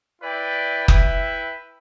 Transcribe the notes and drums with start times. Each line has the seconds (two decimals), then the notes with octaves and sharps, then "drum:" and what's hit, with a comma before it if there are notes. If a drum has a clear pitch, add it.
0.22 E4 B4 D5 G5
0.88 E4 B4 E5 G5, drum: kick F#1